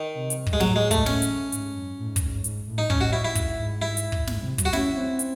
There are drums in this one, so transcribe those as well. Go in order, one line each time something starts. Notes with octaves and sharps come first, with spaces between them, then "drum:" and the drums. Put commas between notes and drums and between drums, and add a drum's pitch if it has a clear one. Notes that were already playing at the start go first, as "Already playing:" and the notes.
Already playing: D#3
C3
drum: hi-hat
F#2, drum: kick
G#2 G#3
A2 F#3, drum: snare
G#3
A3, drum: kick, hi-hat
C#4, drum: snare
drum: hi-hat
G#2, drum: hi-hat
F#2
A2
G#2
F#2, drum: kick, hi-hat
G#2
G#2, drum: hi-hat
A2
D#4
A2 C#4, drum: kick
F#4
E4
E4
G#2, drum: kick, hi-hat
G#2
E4
drum: hi-hat
drum: kick
G#2, drum: snare
C3
F#3, drum: kick, hi-hat
F#4
C#4 E4, drum: snare
C4
drum: hi-hat